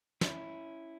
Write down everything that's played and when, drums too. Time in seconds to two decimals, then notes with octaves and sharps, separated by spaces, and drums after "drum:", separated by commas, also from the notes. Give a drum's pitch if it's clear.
0.21 C#4 E4, drum: snare